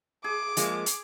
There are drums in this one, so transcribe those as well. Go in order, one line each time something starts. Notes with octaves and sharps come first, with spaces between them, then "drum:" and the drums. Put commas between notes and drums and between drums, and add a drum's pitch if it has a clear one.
G#4 D6
F3 G#3 A#3, drum: hi-hat
drum: hi-hat